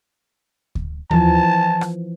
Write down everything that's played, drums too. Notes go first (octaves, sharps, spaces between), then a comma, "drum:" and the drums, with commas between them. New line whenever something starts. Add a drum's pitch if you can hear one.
drum: kick D2
E3 F3 A5, drum: tom D#2
drum: rim click